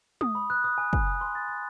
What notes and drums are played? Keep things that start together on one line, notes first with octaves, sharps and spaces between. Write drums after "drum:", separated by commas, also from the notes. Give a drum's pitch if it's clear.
D#6, drum: tom G#3
B5
F#6
D#6
G#5
G#5, drum: kick
D#6
C6
A6
A6